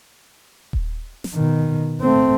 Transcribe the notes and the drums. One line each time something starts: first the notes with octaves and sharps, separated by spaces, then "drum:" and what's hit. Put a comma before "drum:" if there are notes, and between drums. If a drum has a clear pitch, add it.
drum: kick D#1
drum: snare
B2 D#3
A3 C4